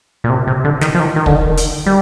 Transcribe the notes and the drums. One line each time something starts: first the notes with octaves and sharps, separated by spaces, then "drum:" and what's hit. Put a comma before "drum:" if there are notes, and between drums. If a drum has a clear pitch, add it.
A#2
C3
C3
D3
D#3, drum: snare
F3
D#3
D#3
D3, drum: kick
D#3
drum: hi-hat
G3